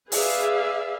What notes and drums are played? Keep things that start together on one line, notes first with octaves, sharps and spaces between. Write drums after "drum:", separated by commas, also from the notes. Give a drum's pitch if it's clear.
G#4 B4 D5 E5 F5, drum: open hi-hat